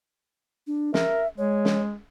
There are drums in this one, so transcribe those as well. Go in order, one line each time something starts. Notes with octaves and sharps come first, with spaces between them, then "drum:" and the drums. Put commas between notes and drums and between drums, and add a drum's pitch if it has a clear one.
D4
A#4 E5, drum: snare
G#3 C#5
drum: snare